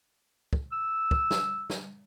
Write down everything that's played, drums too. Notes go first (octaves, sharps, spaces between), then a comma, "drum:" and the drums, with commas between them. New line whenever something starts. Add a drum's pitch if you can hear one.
drum: kick
E6
drum: kick
drum: snare
drum: snare